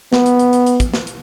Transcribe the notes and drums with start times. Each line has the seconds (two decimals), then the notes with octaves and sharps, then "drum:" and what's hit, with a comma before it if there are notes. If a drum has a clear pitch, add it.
0.13 B3, drum: snare
0.26 drum: hi-hat
0.39 drum: hi-hat
0.53 drum: hi-hat
0.66 drum: hi-hat
0.80 drum: kick, hi-hat
0.94 drum: snare
1.07 drum: hi-hat